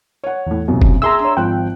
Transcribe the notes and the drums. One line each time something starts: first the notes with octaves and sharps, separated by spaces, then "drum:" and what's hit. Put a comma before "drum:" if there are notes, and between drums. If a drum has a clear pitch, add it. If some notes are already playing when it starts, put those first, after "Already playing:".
C#5 F#5
E2 A2
B1 F#2 C3
drum: kick F1
G#4 E5 A#5 C6 E6
D4 C#5
G#1 F3 G5 F#6